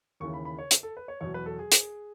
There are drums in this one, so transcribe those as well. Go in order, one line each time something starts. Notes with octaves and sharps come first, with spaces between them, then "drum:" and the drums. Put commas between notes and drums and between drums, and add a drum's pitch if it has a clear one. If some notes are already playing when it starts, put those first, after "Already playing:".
D#2 C#3 E3 C#6
B5
B5
C#5
drum: hi-hat
A4
B4
C#5
E2 B2 F#3 C#5
B4
A4
G#4
drum: hi-hat